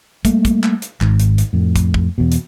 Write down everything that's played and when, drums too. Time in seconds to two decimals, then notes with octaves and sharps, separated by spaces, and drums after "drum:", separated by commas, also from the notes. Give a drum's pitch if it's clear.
0.25 G3 A3 A#3, drum: kick, hi-hat
0.45 drum: kick, hi-hat
0.63 drum: clap
0.82 drum: hi-hat
1.01 G#1 G#2, drum: clap
1.20 drum: hi-hat
1.38 drum: hi-hat
1.53 F2 A2
1.76 drum: kick, hi-hat
1.94 drum: kick
2.18 E2 B2
2.32 drum: hi-hat